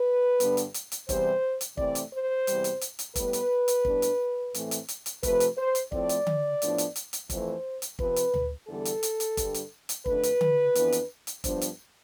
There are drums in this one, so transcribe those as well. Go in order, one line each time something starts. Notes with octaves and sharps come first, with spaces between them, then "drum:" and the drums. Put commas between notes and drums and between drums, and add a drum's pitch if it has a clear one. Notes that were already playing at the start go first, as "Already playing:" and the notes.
Already playing: B4
G2 D3 G3 B3 D4, drum: hi-hat
drum: hi-hat
drum: hi-hat
drum: hi-hat
E2 C3 E3 G3 C5, drum: kick, hi-hat
drum: hi-hat
C3 E3 A3 C4 D5, drum: kick
drum: hi-hat
C5
E2 C3 G3, drum: hi-hat
drum: hi-hat
drum: hi-hat
drum: hi-hat
A2 G3 B3 B4, drum: kick, hi-hat
drum: hi-hat
drum: hi-hat
A2 G3 B3 D4, drum: kick
drum: hi-hat
A2 E3 A3 C4, drum: hi-hat
drum: hi-hat
drum: hi-hat
drum: hi-hat
C3 F3 A3 B4, drum: kick, hi-hat
drum: hi-hat
C5
drum: hi-hat
A2 F3 A3 C4 D5, drum: kick
drum: hi-hat
drum: tom D3
A2 F3 B3 D4, drum: hi-hat
drum: hi-hat
drum: hi-hat
drum: hi-hat
F2 E3 A3 C5, drum: kick, hi-hat
drum: hi-hat
C3 F3 C4 B4, drum: kick
drum: hi-hat
drum: tom D2
E2 D3 G3 B3 A4
drum: hi-hat
drum: hi-hat
drum: hi-hat
G2 D3 G3, drum: kick, hi-hat
drum: hi-hat
drum: hi-hat
F2 D3 A3 D4 B4, drum: kick
drum: hi-hat
drum: tom D3
F2 E3 B3 D4, drum: hi-hat
drum: hi-hat
drum: hi-hat
G2 F3 B3 D4 C5, drum: kick, hi-hat
drum: hi-hat